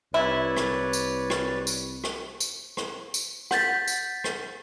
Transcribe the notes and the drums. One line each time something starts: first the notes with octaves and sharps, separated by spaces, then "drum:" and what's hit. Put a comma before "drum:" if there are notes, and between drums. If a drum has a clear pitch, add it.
C2 E4 B4 C#5 D5
drum: rim click
drum: tambourine
drum: rim click
drum: tambourine
drum: rim click
drum: tambourine
drum: rim click
drum: tambourine
F#5 G6 A6 B6, drum: rim click
drum: tambourine
drum: rim click